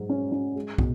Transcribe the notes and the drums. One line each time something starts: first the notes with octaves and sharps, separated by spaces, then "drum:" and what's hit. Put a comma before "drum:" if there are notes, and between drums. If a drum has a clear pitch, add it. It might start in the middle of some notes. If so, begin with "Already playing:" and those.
Already playing: G#2 F#3
C#4
C#4
G#3
B2, drum: kick